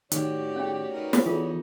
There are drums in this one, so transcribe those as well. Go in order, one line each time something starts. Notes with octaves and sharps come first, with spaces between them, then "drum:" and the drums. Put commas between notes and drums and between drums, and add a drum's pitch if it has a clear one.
A2 D#3 F#4 G4 C#5 D5, drum: hi-hat
C#4 G#4 G5
D#4 A#4 B4
drum: snare
E3 B3 D#4 F4 G#4 A4